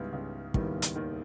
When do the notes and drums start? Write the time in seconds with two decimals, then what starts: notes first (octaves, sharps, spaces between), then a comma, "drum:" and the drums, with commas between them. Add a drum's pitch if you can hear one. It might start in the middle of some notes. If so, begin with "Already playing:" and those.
Already playing: C#2 G#2 C#3 G3 B3 E4
0.13 C#2 C#3
0.54 D#2 G#2 D#3 G3 B3 E4, drum: kick
0.82 drum: hi-hat
0.96 D#2 D#3